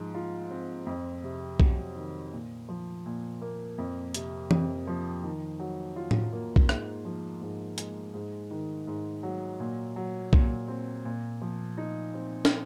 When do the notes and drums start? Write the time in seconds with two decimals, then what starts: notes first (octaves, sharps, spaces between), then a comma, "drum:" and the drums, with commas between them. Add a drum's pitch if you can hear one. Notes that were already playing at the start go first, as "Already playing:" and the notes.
Already playing: G#2 F3
0.14 F4
0.51 C4
0.87 F2
1.23 C3
1.60 F#3, drum: kick B1
1.96 D#3
2.32 A#2
2.69 F3
3.06 A#2
3.41 A#3
3.78 F2
4.14 C3, drum: hi-hat
4.51 F2, drum: tom E3
4.87 F3
5.23 D#3
5.59 F#3
5.96 F4
6.11 drum: tom A2
6.32 A#3
6.56 drum: kick B1
6.69 G#2, drum: rim click
7.05 F3
7.41 G#2
7.78 G#3, drum: hi-hat
8.14 G#2
8.51 D#3
8.87 G#2
9.23 F#3
9.60 A#2
9.96 F#3
10.33 A#2, drum: kick B1
10.68 C4
11.05 A#2
11.42 F3
11.78 D#4
12.14 C4
12.45 drum: snare